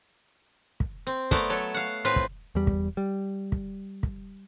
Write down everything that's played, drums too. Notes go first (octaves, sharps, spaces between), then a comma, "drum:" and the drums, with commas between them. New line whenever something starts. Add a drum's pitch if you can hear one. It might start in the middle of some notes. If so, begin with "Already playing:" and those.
drum: kick
C4
A3 B3 A4 A#4 C5 D5, drum: kick
F#3 A4 C#5
F5 F#5
A2 C4 F4 B4
drum: kick
E2 G3
drum: kick
G3
drum: kick
drum: kick